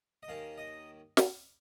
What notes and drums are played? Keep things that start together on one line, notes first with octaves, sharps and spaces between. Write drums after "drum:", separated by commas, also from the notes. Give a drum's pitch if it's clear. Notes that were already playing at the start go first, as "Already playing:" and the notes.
D#5
D#2 D#3 C#4 F5
D#5
drum: snare